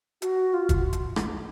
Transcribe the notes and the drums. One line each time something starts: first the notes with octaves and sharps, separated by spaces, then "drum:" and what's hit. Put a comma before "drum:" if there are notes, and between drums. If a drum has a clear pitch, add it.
F#4, drum: hi-hat
F4
drum: kick, hi-hat
drum: hi-hat
drum: rim click